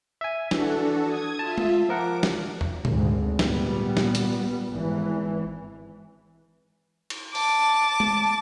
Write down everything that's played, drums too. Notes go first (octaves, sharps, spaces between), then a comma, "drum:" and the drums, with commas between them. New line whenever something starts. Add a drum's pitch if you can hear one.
E5 G#5
E3 D4 F#4 A4, drum: snare
D#6 G#6
F4 E5 A5
drum: tom G#3
F3 A#4 F#5 D6
drum: snare
drum: tom E2
G#1 D2, drum: tom A#2
A#2 G3 B3, drum: snare
drum: snare
drum: hi-hat
G#1 E3
drum: cymbal
A5 D6, drum: open hi-hat
drum: tom G#3